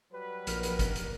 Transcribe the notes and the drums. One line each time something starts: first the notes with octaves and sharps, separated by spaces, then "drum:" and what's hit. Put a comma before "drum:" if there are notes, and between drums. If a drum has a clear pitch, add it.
F#3 G3 B4
A#1 A#4 F6, drum: hi-hat
drum: hi-hat
drum: kick, hi-hat
drum: hi-hat